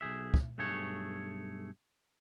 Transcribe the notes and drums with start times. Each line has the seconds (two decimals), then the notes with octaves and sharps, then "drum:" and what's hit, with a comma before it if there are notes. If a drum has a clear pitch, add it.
0.01 B1 G2 G#4 E5
0.34 drum: kick
0.58 B1 G2 A3 G#4 C#5